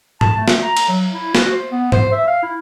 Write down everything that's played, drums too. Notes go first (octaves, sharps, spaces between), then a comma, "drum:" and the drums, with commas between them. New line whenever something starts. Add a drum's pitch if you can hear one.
A5, drum: tom G#2
A3
drum: snare
A#5
drum: cymbal
F#3
E4
F#4, drum: snare
C5
B3
C5, drum: tom G#2
E5
F5
E4